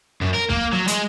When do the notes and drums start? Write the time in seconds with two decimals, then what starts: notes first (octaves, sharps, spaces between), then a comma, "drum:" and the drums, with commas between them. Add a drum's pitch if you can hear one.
0.21 F#2
0.34 A#4
0.49 A#3, drum: kick
0.73 F#3
0.88 G#3, drum: hi-hat